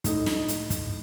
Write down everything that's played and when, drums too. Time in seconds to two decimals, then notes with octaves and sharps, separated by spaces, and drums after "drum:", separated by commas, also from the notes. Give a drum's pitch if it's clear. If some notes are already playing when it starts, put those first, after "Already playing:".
0.04 A2 D#4, drum: kick, hi-hat
0.26 drum: snare
0.48 drum: hi-hat
0.70 drum: kick, hi-hat